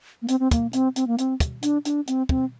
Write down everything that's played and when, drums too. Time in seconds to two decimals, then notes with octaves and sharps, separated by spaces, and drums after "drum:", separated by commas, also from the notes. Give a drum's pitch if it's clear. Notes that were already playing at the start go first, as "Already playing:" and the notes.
0.22 A#3
0.28 C4, drum: hi-hat
0.40 C4
0.51 A#3, drum: kick, hi-hat
0.73 C4, drum: hi-hat
0.96 C4, drum: hi-hat
1.07 A#3
1.18 C4, drum: hi-hat
1.40 drum: kick, hi-hat
1.63 D4, drum: hi-hat
1.85 D4, drum: hi-hat
2.07 C4, drum: hi-hat
2.29 C4, drum: kick